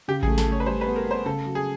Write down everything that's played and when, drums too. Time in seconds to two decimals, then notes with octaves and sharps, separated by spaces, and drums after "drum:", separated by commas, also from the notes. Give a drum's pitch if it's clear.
0.08 C#3 G4
0.23 G#4, drum: kick A1
0.28 A3
0.38 A4, drum: snare
0.48 A3 C#5
0.60 B4
0.66 G3 C5
0.81 B4
0.87 B3
0.96 A#4
1.07 B3 C5
1.26 C#3 A4
1.45 F#3
1.55 G#4